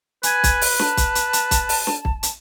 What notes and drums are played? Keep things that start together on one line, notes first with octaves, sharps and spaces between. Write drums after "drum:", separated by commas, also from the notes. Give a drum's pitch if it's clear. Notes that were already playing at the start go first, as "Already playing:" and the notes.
B4 G#5, drum: hi-hat
drum: kick, hi-hat
drum: open hi-hat
A5, drum: snare
drum: kick, hi-hat
drum: hi-hat
drum: hi-hat
drum: kick, hi-hat
drum: open hi-hat
drum: snare
drum: kick
drum: hi-hat